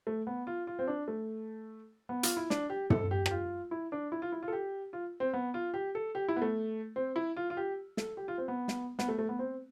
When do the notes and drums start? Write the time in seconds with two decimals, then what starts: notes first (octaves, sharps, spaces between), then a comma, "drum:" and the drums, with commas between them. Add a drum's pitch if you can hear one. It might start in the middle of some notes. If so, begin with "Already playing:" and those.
0.07 A3
0.27 B3
0.47 F4
0.67 F4
0.79 C4
0.88 D4
1.08 A3
2.09 B3
2.23 F4, drum: hi-hat
2.37 E4
2.50 D4, drum: snare
2.70 G4
2.90 A4, drum: tom
3.11 G4
3.26 G4, drum: rim click
3.31 F4
3.71 E4
3.92 D4
4.12 E4
4.22 F4
4.32 E4
4.43 F4
4.48 A4
4.52 G4
4.93 F4
5.20 C4
5.34 B3
5.54 F4
5.74 G4
5.95 A4
6.15 G4
6.28 E4
6.36 B3
6.42 A3
6.96 C4
7.16 E4
7.36 F4
7.50 F4
7.57 G4
7.97 A4, drum: snare
8.17 G4
8.28 F4
8.38 C4
8.48 B3
8.68 drum: snare
8.99 B3, drum: snare
9.09 A3
9.19 A3
9.29 B3
9.39 C4